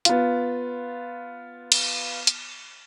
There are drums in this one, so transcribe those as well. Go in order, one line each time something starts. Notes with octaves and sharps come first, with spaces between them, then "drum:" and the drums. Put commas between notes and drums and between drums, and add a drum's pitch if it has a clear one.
B3 F4, drum: hi-hat
drum: cymbal
drum: hi-hat